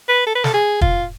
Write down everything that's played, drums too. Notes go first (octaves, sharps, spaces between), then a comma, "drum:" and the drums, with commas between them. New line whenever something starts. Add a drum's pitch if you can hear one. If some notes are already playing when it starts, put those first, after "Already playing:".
B4
A4
B4
A4, drum: snare
G#4
F4, drum: kick